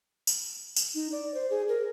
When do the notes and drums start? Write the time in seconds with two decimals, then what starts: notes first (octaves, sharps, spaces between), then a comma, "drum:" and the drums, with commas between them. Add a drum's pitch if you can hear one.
0.27 drum: tambourine
0.76 drum: tambourine
0.95 D#4
1.12 D5
1.34 C5
1.50 G#4
1.68 A#4